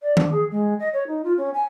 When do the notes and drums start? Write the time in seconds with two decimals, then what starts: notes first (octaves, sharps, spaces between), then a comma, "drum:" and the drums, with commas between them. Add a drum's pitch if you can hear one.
0.02 D5
0.17 D4, drum: tom D#3
0.31 G#4
0.51 G#3
0.79 D#5
0.94 C#5
1.07 D#4
1.24 F4
1.37 C#4
1.54 G#5